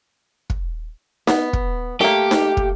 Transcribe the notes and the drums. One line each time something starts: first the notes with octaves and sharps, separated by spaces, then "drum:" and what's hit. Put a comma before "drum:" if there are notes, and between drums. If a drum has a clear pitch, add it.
drum: kick
B3, drum: snare D#4
drum: kick
A3 A#3 G4
drum: snare D#4
drum: kick